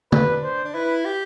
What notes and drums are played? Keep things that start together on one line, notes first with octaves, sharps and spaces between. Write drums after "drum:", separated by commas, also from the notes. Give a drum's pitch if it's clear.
D4 B4, drum: tom D3
C5
D4
E4 B4
G4